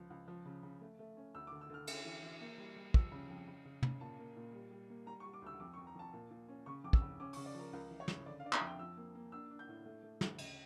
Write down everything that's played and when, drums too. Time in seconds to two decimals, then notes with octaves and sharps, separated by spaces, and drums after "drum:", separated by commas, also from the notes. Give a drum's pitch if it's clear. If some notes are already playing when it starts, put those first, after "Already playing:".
Already playing: C#2 F3
0.10 C#2
0.28 F3
0.45 C#3
0.63 C#3
0.81 A3
0.99 A3
1.17 C#4
1.35 D2 E6
1.47 D6
1.52 D3
1.61 E6
1.70 D3 F6
1.87 C#4, drum: cymbal
2.05 E3
2.22 E3
2.41 A#3
2.58 G3
2.76 G3
2.94 F3 E6, drum: kick
3.12 C#3
3.29 F2
3.47 C#3
3.65 C#3
3.83 C#3, drum: tom
4.01 A#2 A5
4.19 A#3
4.36 A#2
4.53 G3
4.71 G3
4.90 A#3
5.06 G3 A#5
5.20 C#6
5.25 G3
5.33 D6
5.42 D2 E6
5.60 F2 D6
5.74 C#6
5.78 F2
5.87 A#5
5.95 F2 A5
6.13 A#2
6.31 A#2
6.48 C#4
6.66 C#3 C#6
6.84 F2 D6
6.93 E6, drum: kick
7.02 C#3
7.20 C#4 D6
7.33 C#6, drum: open hi-hat
7.37 C#3
7.46 D5
7.55 F3 A#4
7.73 C#2 A#4
7.91 E3
8.00 C#5
8.08 C#3, drum: snare
8.26 D3 D5
8.40 F5
8.44 D4 D5
8.53 E5, drum: clap
8.61 F2 G5
8.79 F3 E6
8.97 A#3
9.15 A#3
9.32 D4 E6
9.51 D4
9.59 G6
9.68 A2
9.86 A3
10.03 A3
10.21 D2, drum: snare
10.38 C#3, drum: cymbal